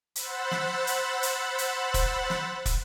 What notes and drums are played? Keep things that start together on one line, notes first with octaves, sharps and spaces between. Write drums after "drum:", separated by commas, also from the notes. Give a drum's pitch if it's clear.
C5 F#5 B5 E6 F#6 A6, drum: hi-hat
drum: snare
drum: hi-hat
drum: hi-hat
drum: hi-hat
drum: kick, hi-hat
drum: snare
drum: kick, hi-hat